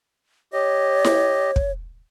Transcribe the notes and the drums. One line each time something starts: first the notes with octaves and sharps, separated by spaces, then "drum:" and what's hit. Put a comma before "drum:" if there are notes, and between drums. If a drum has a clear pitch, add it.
G4 C#5 D#5
drum: snare E4
drum: kick